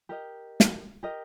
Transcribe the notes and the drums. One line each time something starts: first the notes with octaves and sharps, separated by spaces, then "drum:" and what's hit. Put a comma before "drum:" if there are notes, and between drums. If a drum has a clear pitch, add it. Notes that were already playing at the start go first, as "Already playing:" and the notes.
G4 A#4 D#5
drum: snare
G4 A#4 D#5